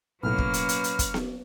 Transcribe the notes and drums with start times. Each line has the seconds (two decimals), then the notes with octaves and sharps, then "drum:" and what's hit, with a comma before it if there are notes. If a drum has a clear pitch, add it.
0.23 B1 A2 F#3 A#3 C#4 B4 F6
0.38 drum: kick
0.54 drum: hi-hat
0.69 drum: hi-hat
0.84 drum: hi-hat
0.99 drum: kick, hi-hat
1.14 drum: snare B3